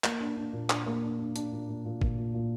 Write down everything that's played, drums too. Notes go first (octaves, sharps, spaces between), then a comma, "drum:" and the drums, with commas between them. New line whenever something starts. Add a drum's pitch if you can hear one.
A#3, drum: clap
D4
D4
A#2
D4, drum: clap
A#3
D4
D4
D4, drum: hi-hat
A#2
A#2
A#2
A#2, drum: kick
A#2
A#2